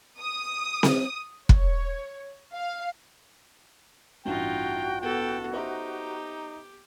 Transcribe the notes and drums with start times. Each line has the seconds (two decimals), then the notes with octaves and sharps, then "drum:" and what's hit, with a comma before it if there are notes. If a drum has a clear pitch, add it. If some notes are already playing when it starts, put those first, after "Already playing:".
0.21 D#6
0.83 drum: snare C4
1.49 C#5, drum: kick
2.53 F5
4.25 A1 G2 D#4 F4 F#4 G5
5.01 B3 A4 G5
5.54 D#4 G4 C5 E5 A#5